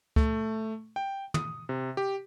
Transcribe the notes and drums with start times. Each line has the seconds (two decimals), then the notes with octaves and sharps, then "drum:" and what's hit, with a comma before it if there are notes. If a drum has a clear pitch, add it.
0.16 A3, drum: kick C#2
0.96 G5
1.34 D#6, drum: tom
1.69 C3
1.97 G4